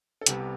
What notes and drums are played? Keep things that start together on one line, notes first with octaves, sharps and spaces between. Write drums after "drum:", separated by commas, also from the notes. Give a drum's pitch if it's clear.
A4
C2 C3 G3 B3 G4, drum: hi-hat